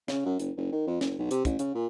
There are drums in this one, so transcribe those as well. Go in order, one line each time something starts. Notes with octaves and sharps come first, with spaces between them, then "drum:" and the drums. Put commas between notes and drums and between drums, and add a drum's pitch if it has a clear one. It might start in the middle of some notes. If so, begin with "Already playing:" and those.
C#3, drum: snare
F#2
F#1, drum: hi-hat
F#1
D#3
F2
F#1, drum: snare
B1
C3, drum: hi-hat
A1, drum: kick, hi-hat
C#3, drum: hi-hat
A#2